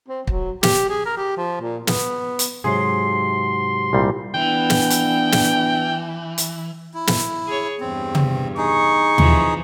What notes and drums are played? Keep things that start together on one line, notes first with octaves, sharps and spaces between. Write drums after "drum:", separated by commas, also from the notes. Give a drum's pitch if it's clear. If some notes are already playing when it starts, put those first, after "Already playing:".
C4
F#3, drum: kick
G4, drum: snare
G#4
A#4
G4
F3
A#2
B3, drum: snare
drum: hi-hat
G#2 C3 F#3 G#4 C6
C2 A#2 G3
E3 B3 D4 G5
drum: snare
drum: hi-hat
drum: snare
drum: hi-hat
E4
drum: snare
G#4 C#5
E2 G2 C4
drum: tom
D#4 G#4 C#6
C3 E3 F3, drum: tom D#2